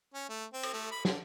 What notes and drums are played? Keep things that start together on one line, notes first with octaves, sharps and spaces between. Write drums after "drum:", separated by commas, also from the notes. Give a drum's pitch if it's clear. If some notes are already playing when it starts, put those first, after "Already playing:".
C#4
A3
C4
drum: cymbal
A3
B5
D3, drum: snare